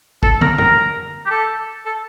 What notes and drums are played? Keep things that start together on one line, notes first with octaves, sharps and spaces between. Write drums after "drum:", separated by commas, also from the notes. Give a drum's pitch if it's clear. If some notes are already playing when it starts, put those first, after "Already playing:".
A4, drum: kick
A#4, drum: tom
A#4, drum: tom F#2
G4
A4
A4